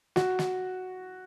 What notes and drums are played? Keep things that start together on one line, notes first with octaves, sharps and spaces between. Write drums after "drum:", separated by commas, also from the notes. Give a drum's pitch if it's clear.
F#4, drum: snare
drum: snare